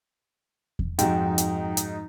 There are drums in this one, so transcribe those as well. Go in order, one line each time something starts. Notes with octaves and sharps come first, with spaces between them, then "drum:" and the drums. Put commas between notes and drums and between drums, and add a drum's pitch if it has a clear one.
drum: kick E2
F2 G#2 D#4 F#4 G5, drum: hi-hat
drum: hi-hat
drum: hi-hat